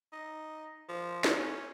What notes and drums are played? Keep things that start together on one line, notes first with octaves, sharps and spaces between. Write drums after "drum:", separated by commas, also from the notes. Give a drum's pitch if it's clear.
D#4
F3
drum: snare
C#4